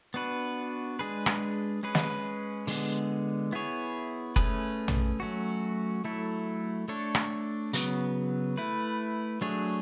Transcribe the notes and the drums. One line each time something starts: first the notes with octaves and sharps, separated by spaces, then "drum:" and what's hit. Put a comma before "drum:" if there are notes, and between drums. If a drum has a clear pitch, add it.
B3 D4 F#4 B4
G#3 D4 G#4 B4
drum: rim click
G#3 C#4 G#4 B4
drum: snare
D3 G#3 B3, drum: open hi-hat
B3 E4 G#4 C#5
A3 C#4 G#4 B4, drum: kick F#1
drum: tom A#1
F#3 A3 C#4 F#4
F#3 A3 E4 A4
A3 D4 A4 C#5
drum: rim click
C#3 F#3 B3, drum: hi-hat
A3 E4 B4
F#3 A3 D4 G#4 C#5